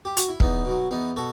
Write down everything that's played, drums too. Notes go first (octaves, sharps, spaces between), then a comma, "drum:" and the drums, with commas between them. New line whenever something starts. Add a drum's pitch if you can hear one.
G4
F#4, drum: hi-hat
E4
E2 B3 D#4, drum: kick
B2 F#3
E2 B3 D#4
B2 F#4 A4